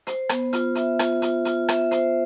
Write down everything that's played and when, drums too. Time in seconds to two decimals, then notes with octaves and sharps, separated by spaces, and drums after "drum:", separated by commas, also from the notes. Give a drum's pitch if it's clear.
0.07 C5, drum: hi-hat
0.29 B3, drum: rim click
0.53 F4, drum: hi-hat
0.75 E5, drum: hi-hat
0.99 F4, drum: rim click
1.22 F4, drum: hi-hat
1.45 F4, drum: hi-hat
1.68 E5, drum: rim click
1.91 C5, drum: hi-hat